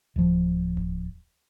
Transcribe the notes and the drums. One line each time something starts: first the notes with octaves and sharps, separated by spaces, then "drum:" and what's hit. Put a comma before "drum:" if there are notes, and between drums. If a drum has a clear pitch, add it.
D1 F3
drum: kick D#1